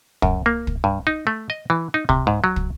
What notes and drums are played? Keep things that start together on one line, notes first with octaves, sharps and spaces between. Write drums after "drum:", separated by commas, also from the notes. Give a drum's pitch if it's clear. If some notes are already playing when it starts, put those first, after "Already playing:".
F#2, drum: kick
A#3
drum: kick
G2
D#4
A3
D#5
E3
D#4
C3, drum: kick
G#2
F#3
drum: kick